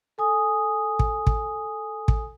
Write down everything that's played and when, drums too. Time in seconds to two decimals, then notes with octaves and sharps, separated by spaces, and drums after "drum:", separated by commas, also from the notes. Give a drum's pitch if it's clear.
0.18 A4 G#5 D#6
0.99 drum: kick
1.27 drum: kick
2.08 drum: kick